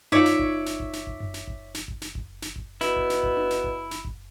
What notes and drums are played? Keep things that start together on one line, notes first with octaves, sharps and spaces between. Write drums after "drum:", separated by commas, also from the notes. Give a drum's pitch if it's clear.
D#4 F4 C#5 D5 E5, drum: tom F#2
drum: snare
drum: kick F#1
drum: snare
drum: kick F#1
drum: snare
drum: kick F#1
drum: tom F#2
drum: snare
drum: kick F#1
drum: snare
drum: kick F#1
drum: snare
drum: kick F#1
drum: snare
drum: kick F#1
B2 E4, drum: snare
drum: kick F#1
drum: snare
drum: kick F#1
drum: tom D4
drum: snare
drum: kick F#1
drum: snare
drum: kick F#1